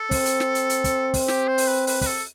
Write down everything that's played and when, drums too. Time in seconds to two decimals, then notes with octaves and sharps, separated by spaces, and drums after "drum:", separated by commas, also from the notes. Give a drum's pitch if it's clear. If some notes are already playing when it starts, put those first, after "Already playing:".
Already playing: A4
0.11 C4, drum: kick, open hi-hat
0.25 drum: hi-hat
0.40 drum: snare
0.55 drum: hi-hat
0.70 drum: hi-hat
0.84 drum: kick, hi-hat
1.14 drum: kick, open hi-hat
1.28 G4, drum: snare
1.48 C5
1.58 drum: open hi-hat
1.68 B4
1.87 B4, drum: open hi-hat
2.01 B4, drum: kick, open hi-hat
2.06 A4